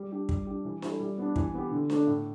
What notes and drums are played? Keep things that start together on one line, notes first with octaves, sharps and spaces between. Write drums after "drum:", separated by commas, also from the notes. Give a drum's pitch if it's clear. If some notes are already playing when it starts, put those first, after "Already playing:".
Already playing: G3
D4 G4
G3, drum: kick
D4 G4
E3
G3 E4 A4, drum: snare D4
G3
B3 D4
E3, drum: kick
B3 G4
D3
A3 D4, drum: snare D4
A2